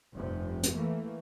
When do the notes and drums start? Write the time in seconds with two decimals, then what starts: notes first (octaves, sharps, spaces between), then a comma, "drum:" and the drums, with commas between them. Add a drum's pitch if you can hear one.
0.12 F1 G2 C3
0.63 drum: hi-hat
0.73 E3 A3 A#3